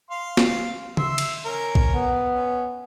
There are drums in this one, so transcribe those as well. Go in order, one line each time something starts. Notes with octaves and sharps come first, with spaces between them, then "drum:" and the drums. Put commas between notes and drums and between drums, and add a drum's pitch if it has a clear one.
F5 C6
drum: snare
E5 C6, drum: tom C#3
drum: cymbal
C#4 A#4
drum: kick B1
B3
C#4